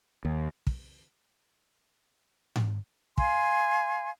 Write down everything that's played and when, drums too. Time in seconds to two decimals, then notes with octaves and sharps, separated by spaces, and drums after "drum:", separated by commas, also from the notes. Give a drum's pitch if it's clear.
0.25 D#2
0.67 drum: kick
2.56 drum: tom G#2
3.18 F5 G#5 C6, drum: kick